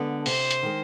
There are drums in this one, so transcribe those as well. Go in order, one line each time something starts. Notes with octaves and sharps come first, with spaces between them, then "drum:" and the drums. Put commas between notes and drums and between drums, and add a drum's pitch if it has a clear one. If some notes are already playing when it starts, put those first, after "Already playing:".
Already playing: D3 G#3 B3
C3 C5, drum: open hi-hat
drum: hi-hat
D#3 G#3